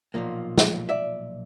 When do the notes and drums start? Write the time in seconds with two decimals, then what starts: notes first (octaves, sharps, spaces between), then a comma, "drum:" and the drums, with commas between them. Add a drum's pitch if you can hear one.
0.14 B1 A#2 F3 A#3
0.58 drum: snare
0.89 D5 E5